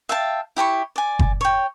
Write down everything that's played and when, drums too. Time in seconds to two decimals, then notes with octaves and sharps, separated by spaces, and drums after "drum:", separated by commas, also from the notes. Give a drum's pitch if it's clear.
0.09 E5 F5 G5 A5
0.57 E4 G4 B5 C#6
0.96 D5 G#5
1.19 drum: kick F#1
1.41 C#5 G5